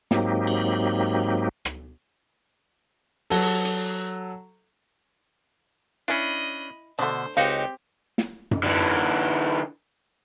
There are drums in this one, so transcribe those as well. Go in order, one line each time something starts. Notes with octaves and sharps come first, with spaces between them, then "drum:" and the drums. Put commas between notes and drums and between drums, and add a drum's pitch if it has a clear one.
G#2 F#3 A#3 C4 D#4 G4, drum: snare
drum: cymbal
drum: rim click
F#3 A4, drum: open hi-hat
drum: hi-hat
C#4 D4 E4 D#5 G#5 B5
B2 D3 A3 D4 C5
C#2 C4 D#4 F#4 G4 F5, drum: hi-hat
drum: snare
drum: tom F#2
D3 E3